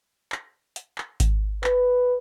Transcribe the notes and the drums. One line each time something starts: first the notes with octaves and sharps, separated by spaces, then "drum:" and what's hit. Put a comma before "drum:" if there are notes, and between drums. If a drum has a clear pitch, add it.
drum: clap
drum: hi-hat
drum: clap
drum: kick G#1, hi-hat
B4, drum: clap